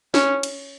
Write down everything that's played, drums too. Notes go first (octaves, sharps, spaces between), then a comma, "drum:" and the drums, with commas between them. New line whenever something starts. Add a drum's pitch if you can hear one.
C#4, drum: snare
drum: cymbal